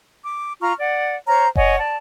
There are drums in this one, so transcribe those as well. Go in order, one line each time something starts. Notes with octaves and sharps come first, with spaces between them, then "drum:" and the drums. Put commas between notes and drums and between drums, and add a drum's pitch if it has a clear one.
D6
F4 A#5 C#6 F6
D5 F#5
C5 C#5 A#5 F6
C#5 D#5 F#5 G#5, drum: kick F#1
D5 A5